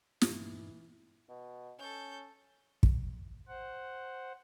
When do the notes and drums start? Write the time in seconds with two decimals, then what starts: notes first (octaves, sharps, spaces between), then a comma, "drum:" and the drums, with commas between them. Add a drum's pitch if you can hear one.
0.21 G2 A#2 E3 D#4, drum: snare
1.29 B2
1.79 C#4 A4 G6
2.83 drum: kick
3.48 C5 F#5